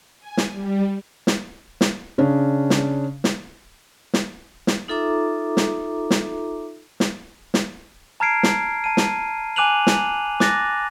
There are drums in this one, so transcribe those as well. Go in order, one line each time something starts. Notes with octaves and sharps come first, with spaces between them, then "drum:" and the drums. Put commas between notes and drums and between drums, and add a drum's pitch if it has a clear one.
G#5
drum: snare
G3
drum: snare
drum: snare
C#3 C#4 D4
drum: snare
drum: snare
drum: snare
drum: snare
D#4 F4 A4 E5 A#5 D6
drum: snare
drum: snare
drum: snare
drum: snare
A5 A#5 F6 G#6 C7 D7
drum: snare
A5 D#7
drum: snare
G#5 D6 F#6 D#7 F7 F#7
drum: snare
D6 F#6 A6 A#6, drum: snare